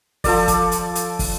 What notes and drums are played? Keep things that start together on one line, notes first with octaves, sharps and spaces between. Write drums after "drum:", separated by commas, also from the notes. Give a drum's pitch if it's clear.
F3 A4 D5, drum: kick, open hi-hat
drum: kick, hi-hat
drum: hi-hat
drum: hi-hat
drum: kick, open hi-hat